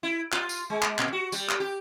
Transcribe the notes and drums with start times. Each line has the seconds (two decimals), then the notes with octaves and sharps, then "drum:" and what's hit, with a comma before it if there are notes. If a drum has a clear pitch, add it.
0.03 E4
0.32 F4, drum: clap
0.49 drum: tambourine
0.70 G#3
0.83 drum: clap
0.99 A#2, drum: clap
1.13 F#4
1.32 G3, drum: tambourine
1.49 drum: clap
1.60 G4